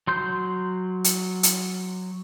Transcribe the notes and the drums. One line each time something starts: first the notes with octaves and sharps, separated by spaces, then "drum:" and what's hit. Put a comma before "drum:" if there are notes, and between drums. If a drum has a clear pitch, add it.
F#3 C6 G6
drum: hi-hat
drum: hi-hat